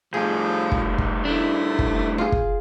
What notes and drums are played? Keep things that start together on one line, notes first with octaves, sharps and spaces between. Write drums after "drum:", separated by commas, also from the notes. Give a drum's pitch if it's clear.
A2 F3 G3 G#4
drum: kick
drum: kick
A3 D4 E4
drum: kick
F4 G#4
drum: kick